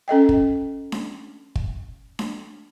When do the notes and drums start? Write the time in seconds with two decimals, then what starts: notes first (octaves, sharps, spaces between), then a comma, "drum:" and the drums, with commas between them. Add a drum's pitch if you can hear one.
0.08 C#4 A4 D#5 G5
0.29 drum: kick
0.92 drum: snare D4
1.56 drum: kick
2.19 drum: snare D4